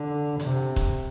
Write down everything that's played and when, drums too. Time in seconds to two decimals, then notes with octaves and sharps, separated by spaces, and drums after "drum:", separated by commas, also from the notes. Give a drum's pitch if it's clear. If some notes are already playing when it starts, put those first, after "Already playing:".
Already playing: D3
0.39 C3, drum: hi-hat
0.76 drum: kick, hi-hat